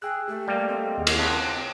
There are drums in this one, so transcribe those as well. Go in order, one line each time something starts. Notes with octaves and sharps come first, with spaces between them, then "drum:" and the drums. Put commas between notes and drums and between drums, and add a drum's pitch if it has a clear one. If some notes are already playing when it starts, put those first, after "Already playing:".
G#4 G5 E6 F#6
A3 G4
G3 A#3
C4 A4 D#5
D#2 G#4 F#5
drum: cymbal
C#2 C4 A5 D#6 F#6 B6